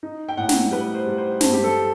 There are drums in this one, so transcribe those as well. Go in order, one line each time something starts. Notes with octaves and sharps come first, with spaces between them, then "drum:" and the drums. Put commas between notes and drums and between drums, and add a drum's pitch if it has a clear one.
D#4
G5
A2 F#5
drum: snare
G3 B4
C5
G3
C5
G2 C5, drum: snare
G4
A4